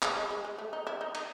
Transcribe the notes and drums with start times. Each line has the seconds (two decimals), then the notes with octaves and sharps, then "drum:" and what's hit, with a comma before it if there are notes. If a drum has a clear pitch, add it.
0.02 G#3, drum: clap
0.17 G#3
0.31 G#3
0.45 G#3
0.58 A3
0.73 D#4
0.87 E4
1.01 D#4
1.15 D#4, drum: cymbal